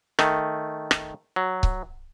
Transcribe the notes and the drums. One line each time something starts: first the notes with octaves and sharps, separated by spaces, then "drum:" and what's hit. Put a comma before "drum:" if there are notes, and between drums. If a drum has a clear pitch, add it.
D#3 A3, drum: rim click
drum: rim click
F#3
drum: kick C#1